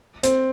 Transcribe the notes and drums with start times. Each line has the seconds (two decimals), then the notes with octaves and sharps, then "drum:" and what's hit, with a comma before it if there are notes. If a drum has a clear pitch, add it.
0.23 C4, drum: hi-hat